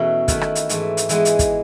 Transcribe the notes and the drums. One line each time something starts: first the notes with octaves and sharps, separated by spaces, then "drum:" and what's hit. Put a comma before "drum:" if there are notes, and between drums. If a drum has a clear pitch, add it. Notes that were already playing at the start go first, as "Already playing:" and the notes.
Already playing: E2 B2 A3 C#4 E4 F#4
D#3 A3 E4 B4, drum: kick, hi-hat
drum: rim click
drum: hi-hat
G#2 E3 A3, drum: hi-hat
drum: hi-hat
E3 G#3 B3, drum: hi-hat
drum: hi-hat
drum: kick, hi-hat